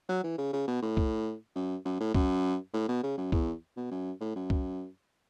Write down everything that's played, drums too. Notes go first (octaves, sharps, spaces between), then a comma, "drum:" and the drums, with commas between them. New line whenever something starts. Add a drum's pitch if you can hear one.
F#3
E3
C#3
C#3
B2
A2
drum: kick
F#2
F#2
A2
F#2, drum: kick
A2
B2
C#3
F#2
E2, drum: kick
B2
F#2
A2
F#2
drum: kick